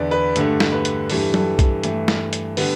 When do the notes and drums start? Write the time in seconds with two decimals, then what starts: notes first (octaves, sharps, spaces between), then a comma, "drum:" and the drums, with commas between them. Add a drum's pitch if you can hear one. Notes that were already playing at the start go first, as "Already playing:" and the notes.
Already playing: E2 D3 B3 D5
0.11 B4
0.36 G2 D3 A3 A4, drum: hi-hat
0.60 drum: snare
0.72 B4
0.85 drum: hi-hat
1.10 G2 E3 G3 A4, drum: open hi-hat
1.34 A4, drum: tom F#3
1.59 drum: kick B1, hi-hat
1.84 G2 E3 A3, drum: hi-hat
2.08 drum: snare
2.33 drum: hi-hat
2.57 D3 G3 B3, drum: open hi-hat